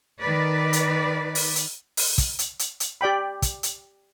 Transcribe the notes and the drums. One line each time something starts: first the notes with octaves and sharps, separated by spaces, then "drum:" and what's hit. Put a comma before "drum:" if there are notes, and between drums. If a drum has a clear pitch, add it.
D#3 B4 D5
drum: hi-hat
drum: open hi-hat
drum: hi-hat
drum: open hi-hat
drum: kick, hi-hat
drum: hi-hat
drum: hi-hat
drum: hi-hat
G4 D5 G5 B5
drum: kick, hi-hat
drum: hi-hat